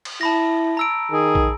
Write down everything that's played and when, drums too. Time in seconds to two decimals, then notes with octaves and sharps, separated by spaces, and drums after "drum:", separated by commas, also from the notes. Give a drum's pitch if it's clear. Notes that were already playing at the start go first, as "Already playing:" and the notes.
0.05 drum: cymbal
0.21 E4 A5 B5 A#6
0.77 A#5 E6 D7
1.11 D#3 G#4
1.35 drum: kick